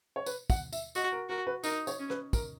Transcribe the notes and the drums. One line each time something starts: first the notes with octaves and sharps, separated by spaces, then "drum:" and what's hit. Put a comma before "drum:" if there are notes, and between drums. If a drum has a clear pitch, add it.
C#5
B4, drum: tambourine
F#5, drum: kick, tambourine
E5, drum: tambourine
F#4 D#5, drum: tambourine
A#4
F#4 A#4
B4
D#4 A#4, drum: tambourine
C#5, drum: tambourine
C#4
B4, drum: rim click
A#4, drum: kick, tambourine